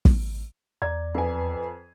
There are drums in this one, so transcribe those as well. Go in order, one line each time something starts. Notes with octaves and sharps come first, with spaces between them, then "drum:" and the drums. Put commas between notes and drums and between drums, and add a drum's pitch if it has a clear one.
drum: kick
E2 D5 A#5 G#6
F2 B4 G#5